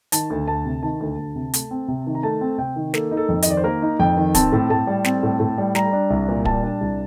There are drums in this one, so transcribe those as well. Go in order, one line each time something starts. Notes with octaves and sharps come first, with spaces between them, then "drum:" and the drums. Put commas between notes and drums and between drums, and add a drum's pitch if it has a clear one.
D#3 A5, drum: hi-hat
D2
D2 A5
C3
D#3 A5
D2
D2
C3
A3, drum: hi-hat
C4
C3
D#3
A#5
A3 A5
C4
C3 G5
D#3
A#3 A4, drum: snare
D#4
A4
F2
D#5, drum: hi-hat
D#3 D5
C5
A#3 A#4
D#4
F2 G5
D#3
C4 A5, drum: kick, hi-hat
A2
A2 A5
G3
C4, drum: snare
A2
A2
G3
G3 A#5, drum: snare
D4
C2
A#2
G3 A5, drum: kick
D4
C2